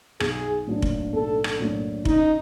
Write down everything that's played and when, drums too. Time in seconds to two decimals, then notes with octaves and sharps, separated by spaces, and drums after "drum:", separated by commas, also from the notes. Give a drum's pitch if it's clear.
0.20 B1 G#4, drum: rim click
0.67 A2 F#3 A#3 D4
0.82 drum: kick F1
1.13 B1 A4
1.44 drum: rim click
1.60 A2 F#3 A#3 D4
2.05 F#2 D#4, drum: kick F1